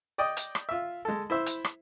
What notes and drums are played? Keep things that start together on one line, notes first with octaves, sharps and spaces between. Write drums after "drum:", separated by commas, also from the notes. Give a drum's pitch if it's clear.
D5 D#5 G5 D#6
drum: hi-hat
drum: rim click
F4 E5
G#3 A4
E4 C5 E5
drum: hi-hat
drum: rim click